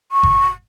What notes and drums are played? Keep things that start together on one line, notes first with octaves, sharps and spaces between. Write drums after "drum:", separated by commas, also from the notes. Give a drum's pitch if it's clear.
C#6
drum: kick G1